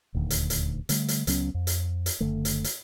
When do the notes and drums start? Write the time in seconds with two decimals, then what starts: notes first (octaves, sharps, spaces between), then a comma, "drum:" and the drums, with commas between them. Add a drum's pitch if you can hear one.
0.15 D#1 D2 D#3
0.30 drum: hi-hat
0.50 drum: hi-hat
0.89 D3 G3 A3, drum: hi-hat
1.08 drum: hi-hat
1.27 C#2 F#3 B3 C#4, drum: hi-hat
1.54 F2
1.67 drum: hi-hat
2.06 drum: hi-hat
2.20 F#1 D3 A3
2.45 drum: hi-hat
2.64 drum: hi-hat